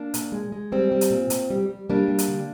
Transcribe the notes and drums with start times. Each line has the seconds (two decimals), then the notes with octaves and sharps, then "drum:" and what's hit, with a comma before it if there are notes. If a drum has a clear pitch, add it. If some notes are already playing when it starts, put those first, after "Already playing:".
Already playing: A#3 D4
0.14 A#2, drum: hi-hat
0.32 G#3
0.52 G#3
0.72 G3 C4
0.92 G3
1.01 drum: hi-hat
1.10 A#2
1.30 A#2, drum: hi-hat
1.50 G3
1.69 G3
1.90 G3 A#3 D4
2.08 G3
2.18 drum: hi-hat
2.28 D3